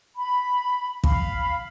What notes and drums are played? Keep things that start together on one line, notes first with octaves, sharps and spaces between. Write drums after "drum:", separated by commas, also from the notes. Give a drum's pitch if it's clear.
B5
F5 B5, drum: kick